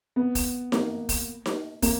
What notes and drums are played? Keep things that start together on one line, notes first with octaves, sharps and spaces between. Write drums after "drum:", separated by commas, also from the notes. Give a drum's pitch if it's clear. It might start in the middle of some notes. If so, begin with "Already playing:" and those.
B3
drum: kick, open hi-hat
A#3, drum: snare D#4
drum: kick, open hi-hat
drum: snare D#4
A#3, drum: kick, open hi-hat